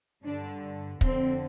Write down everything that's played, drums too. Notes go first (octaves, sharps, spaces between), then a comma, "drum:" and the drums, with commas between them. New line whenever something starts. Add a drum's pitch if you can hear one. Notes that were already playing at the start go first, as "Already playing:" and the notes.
G2 D3 D4
F2 D3 C4, drum: kick